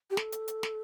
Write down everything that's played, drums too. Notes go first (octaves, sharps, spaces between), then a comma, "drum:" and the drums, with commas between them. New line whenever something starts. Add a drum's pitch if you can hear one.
G4
A4, drum: snare
drum: hi-hat
drum: hi-hat
drum: snare